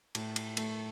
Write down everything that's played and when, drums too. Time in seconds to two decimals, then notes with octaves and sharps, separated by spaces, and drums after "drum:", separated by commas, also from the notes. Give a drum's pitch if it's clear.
0.15 A2, drum: cymbal
0.36 drum: cymbal
0.57 A3, drum: cymbal